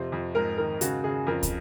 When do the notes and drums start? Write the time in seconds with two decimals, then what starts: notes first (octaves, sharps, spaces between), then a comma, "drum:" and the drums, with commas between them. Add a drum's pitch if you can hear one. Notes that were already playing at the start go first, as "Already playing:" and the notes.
Already playing: F2 C3 C5
0.12 F2
0.35 G#2 A#4
0.57 D#3 A#4
0.81 C#3 F#4, drum: hi-hat
1.04 C#3 G#4
1.27 F2 A#4
1.43 drum: kick, hi-hat